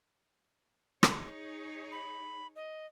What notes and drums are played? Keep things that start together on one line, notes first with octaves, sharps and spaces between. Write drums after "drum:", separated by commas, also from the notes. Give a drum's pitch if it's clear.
D#4 G#4 C#5, drum: rim click
B5
D#5